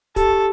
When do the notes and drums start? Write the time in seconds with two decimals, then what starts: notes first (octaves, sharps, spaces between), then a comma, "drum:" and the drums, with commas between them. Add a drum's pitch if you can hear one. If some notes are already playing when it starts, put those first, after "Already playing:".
0.16 G4 A4, drum: kick, hi-hat